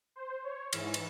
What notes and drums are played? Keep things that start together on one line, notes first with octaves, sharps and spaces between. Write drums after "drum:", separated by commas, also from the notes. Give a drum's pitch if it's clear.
C5
C#5
G#2 E3, drum: cymbal
drum: cymbal